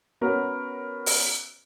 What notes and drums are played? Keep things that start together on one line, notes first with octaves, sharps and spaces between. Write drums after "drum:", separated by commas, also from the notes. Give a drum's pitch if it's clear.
B3 C#4 F#4 A#4
drum: open hi-hat